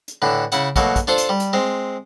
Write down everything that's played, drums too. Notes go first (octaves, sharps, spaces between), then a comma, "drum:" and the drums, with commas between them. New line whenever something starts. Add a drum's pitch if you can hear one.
drum: hi-hat
A2 D3 E3
C#3 E4 F#5, drum: hi-hat
B2 F#3 A3 A#3, drum: kick, hi-hat
drum: kick, hi-hat
D4 F4 A4 C5
drum: hi-hat
G3
drum: hi-hat
G#3 C4